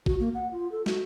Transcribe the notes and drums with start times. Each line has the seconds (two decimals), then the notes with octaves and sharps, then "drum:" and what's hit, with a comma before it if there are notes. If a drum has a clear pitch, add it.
0.06 F#4, drum: kick
0.20 A#3
0.34 F#5
0.51 F4
0.72 A4
0.86 F#4, drum: snare